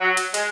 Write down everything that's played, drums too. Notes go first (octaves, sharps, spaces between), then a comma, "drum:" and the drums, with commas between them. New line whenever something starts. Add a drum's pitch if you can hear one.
F#3
drum: hi-hat
G#3, drum: hi-hat